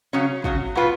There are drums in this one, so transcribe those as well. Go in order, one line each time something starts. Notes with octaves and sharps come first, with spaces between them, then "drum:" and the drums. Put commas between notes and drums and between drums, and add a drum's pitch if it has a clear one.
C#3 F#3 C#4
C#3 F#3 C#4, drum: kick
B2 F#3 B3 F4 B4